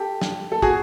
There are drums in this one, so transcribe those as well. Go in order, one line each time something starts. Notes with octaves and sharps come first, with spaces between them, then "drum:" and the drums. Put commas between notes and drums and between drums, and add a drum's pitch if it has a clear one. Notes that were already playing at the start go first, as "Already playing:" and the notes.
Already playing: G4 A4
drum: snare
A4
F#4 G#4, drum: kick